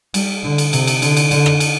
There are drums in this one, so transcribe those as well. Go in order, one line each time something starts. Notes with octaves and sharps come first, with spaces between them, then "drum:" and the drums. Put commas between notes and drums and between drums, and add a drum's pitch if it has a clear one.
G3, drum: cymbal
D3
drum: cymbal
C3, drum: cymbal
drum: cymbal
D3, drum: cymbal
drum: cymbal
D3, drum: cymbal
drum: rim click
drum: cymbal